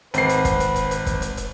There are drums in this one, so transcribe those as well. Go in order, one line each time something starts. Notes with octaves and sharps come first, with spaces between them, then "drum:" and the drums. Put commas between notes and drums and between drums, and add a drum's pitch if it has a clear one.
G#1 B4 C7, drum: hi-hat
drum: hi-hat
drum: kick, hi-hat
drum: hi-hat
drum: hi-hat
drum: hi-hat
drum: kick, hi-hat
drum: hi-hat
drum: hi-hat